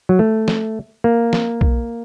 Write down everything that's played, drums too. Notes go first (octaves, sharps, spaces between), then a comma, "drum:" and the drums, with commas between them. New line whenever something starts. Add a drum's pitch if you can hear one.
F#3
A3
drum: snare
A#3
drum: snare
drum: kick B1